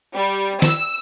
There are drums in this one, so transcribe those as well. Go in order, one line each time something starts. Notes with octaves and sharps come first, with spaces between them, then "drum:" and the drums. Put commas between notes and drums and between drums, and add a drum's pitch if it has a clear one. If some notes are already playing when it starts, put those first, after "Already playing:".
G3
E6, drum: snare